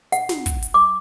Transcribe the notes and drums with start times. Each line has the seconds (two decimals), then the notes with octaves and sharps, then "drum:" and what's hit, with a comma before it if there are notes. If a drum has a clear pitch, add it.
0.12 F#5, drum: hi-hat
0.29 drum: snare
0.46 drum: kick, hi-hat
0.62 drum: hi-hat
0.74 D6